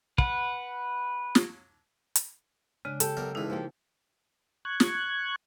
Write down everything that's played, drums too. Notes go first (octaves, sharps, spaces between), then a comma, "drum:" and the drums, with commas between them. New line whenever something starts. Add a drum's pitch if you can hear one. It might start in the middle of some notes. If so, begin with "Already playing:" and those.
B4 F#5, drum: kick
drum: snare
drum: hi-hat
C#3 G#3 D4
G4 A4, drum: hi-hat
B1 A#4 D5
C#2 E3 D#4 E4
F3 A#3 G4
C#6 F#6 G#6
drum: snare